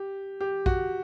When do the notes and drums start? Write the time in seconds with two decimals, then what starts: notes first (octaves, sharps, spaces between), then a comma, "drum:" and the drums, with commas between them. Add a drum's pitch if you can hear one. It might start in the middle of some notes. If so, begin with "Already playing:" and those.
Already playing: G4
0.41 G4
0.66 F#4, drum: kick A#1